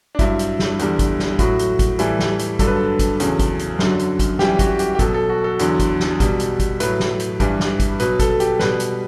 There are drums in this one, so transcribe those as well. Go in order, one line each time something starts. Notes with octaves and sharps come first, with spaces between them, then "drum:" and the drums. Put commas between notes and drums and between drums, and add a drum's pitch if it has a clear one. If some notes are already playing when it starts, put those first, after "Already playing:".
D4
G2 F#3 E4, drum: kick G#1, hi-hat
drum: hi-hat
drum: snare
E2 D3 G3, drum: hi-hat
drum: kick G#1, hi-hat
drum: snare
A2 F#3 F#4, drum: kick G#1, hi-hat
drum: hi-hat
drum: kick G#1, hi-hat
A2 E3 G3 A4, drum: hi-hat
drum: snare
drum: hi-hat
G2 D3 F#3 A4, drum: kick G#1, hi-hat
B4
A4
drum: kick G#1, hi-hat
E2 C#3 F#3, drum: hi-hat
drum: kick G#1, hi-hat
drum: hi-hat
F#2 D3 F#3, drum: snare
drum: hi-hat
drum: kick G#1, hi-hat
F#2 E3 G3 G4, drum: snare
F#4, drum: kick G#1, hi-hat
G4, drum: hi-hat
G4
B2 F#3 A4, drum: kick G#1, hi-hat
A4
F#4
A4
E2 D3 F#3, drum: hi-hat
drum: kick G#1, hi-hat
drum: snare
B2 G3, drum: kick G#1, hi-hat
drum: hi-hat
drum: kick G#1, hi-hat
A2 F#3 B4, drum: hi-hat
drum: snare
drum: hi-hat
G2 E3 G3, drum: kick G#1, hi-hat
drum: snare
drum: kick G#1, hi-hat
B2 F#3 B4, drum: hi-hat
A4, drum: kick G#1, hi-hat
A4
G4, drum: hi-hat
B2 G3 B4, drum: snare
drum: hi-hat